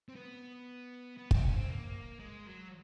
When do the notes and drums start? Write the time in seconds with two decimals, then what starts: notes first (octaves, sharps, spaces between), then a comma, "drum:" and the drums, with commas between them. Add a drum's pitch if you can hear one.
0.09 C4
0.15 B3
1.17 B3
1.31 C4, drum: kick
1.43 C#4
1.56 C4
1.69 A#3
2.19 G#3
2.46 F#3